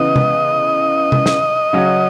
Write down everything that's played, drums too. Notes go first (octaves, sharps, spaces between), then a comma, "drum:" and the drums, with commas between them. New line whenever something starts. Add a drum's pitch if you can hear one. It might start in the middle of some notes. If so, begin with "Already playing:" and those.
Already playing: C#3 E3 B3 D#5
drum: tom C3
drum: tom C3
drum: snare
C#3 F#3 C#4 F#4